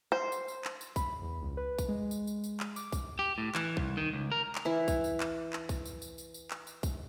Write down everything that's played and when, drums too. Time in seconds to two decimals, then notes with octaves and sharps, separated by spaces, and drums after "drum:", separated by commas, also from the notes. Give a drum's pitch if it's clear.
0.12 C5
0.32 drum: tambourine
0.48 drum: tambourine
0.65 drum: clap
0.81 drum: tambourine
0.96 B5, drum: kick B1, tambourine
1.22 E2
1.42 C#2
1.57 B4
1.79 drum: kick B1, tambourine
1.89 G#3
2.11 drum: tambourine
2.27 drum: tambourine
2.44 drum: tambourine
2.60 drum: clap
2.76 D6, drum: tambourine
2.92 drum: kick B1, tambourine
3.19 G4
3.38 A2
3.55 E3, drum: clap
3.77 C2, drum: kick B1
3.97 D#3
4.13 C#2
4.32 A#4
4.55 drum: clap
4.65 E3 E4
4.88 drum: kick B1, tambourine
5.04 drum: tambourine
5.20 drum: clap
5.53 drum: clap
5.69 drum: kick B1, tambourine
5.86 drum: tambourine
6.02 drum: tambourine
6.18 drum: tambourine
6.34 drum: tambourine
6.51 drum: clap
6.67 drum: tambourine
6.83 drum: kick B1, tambourine